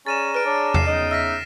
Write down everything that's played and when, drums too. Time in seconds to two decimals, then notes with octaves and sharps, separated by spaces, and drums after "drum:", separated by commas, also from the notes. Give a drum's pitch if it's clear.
0.06 C#4 G#4 D5 A#5 A6 D#7 E7
0.34 B4 F6 D7
0.46 D4 C#5
0.74 C7 E7, drum: tom E2
0.87 C#3 B3 D#4 D#5
1.11 E5 F6 A#6 B6